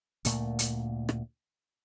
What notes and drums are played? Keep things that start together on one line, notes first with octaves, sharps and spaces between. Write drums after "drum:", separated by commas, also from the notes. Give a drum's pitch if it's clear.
D2 A#2 A3, drum: hi-hat
drum: hi-hat
drum: rim click